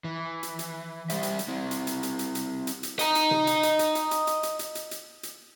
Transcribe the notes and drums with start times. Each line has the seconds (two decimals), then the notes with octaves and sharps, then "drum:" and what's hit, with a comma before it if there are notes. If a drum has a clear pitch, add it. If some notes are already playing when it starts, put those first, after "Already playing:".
0.04 E3
0.43 drum: hi-hat
0.59 drum: hi-hat
1.10 G3 G4 C5 E5, drum: hi-hat
1.23 drum: hi-hat
1.39 drum: hi-hat
1.48 C4 E4
1.71 drum: hi-hat
1.87 drum: hi-hat
2.03 drum: hi-hat
2.19 drum: hi-hat
2.35 drum: hi-hat
2.67 drum: hi-hat
2.83 drum: hi-hat
2.99 D#5 A#5, drum: hi-hat
3.15 drum: hi-hat
3.31 drum: tom C3
3.47 drum: hi-hat
3.63 drum: hi-hat
3.79 drum: hi-hat
3.95 drum: hi-hat
4.11 drum: hi-hat
4.27 drum: hi-hat
4.43 drum: hi-hat
4.59 drum: hi-hat
4.75 drum: hi-hat
4.91 drum: hi-hat
5.23 drum: hi-hat